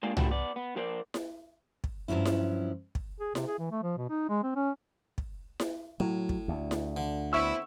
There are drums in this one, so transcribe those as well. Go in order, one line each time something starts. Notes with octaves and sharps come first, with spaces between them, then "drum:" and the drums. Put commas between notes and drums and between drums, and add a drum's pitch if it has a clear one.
G#3 A#3 D4 F4 G#4
F3 G3 A3 D4 E4 F#4, drum: tom C2
B3 D5
B3
F3 A#4 C5 D5
drum: snare E4
drum: kick
G2 F3 F#3 C#4 E4
drum: snare E4
drum: kick
G#4
C3, drum: snare E4
G#4
E3
A3
F3
B2
D#4
G#3
C4
C#4
drum: kick
drum: snare E4
A2 F#3
drum: kick
D2
drum: snare E4
D3
B3 C4 E4 C#6 E6